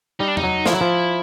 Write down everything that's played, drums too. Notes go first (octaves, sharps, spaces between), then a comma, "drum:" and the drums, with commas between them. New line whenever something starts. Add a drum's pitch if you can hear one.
G3 D#4
D4
D#4, drum: tom E2
F#3
F3 E4, drum: snare
F#3
F3